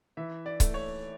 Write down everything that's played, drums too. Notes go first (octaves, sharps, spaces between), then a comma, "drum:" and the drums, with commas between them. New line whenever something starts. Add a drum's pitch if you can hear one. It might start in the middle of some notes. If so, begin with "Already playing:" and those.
E3 E5
D5
A3, drum: kick C#1, hi-hat
C#5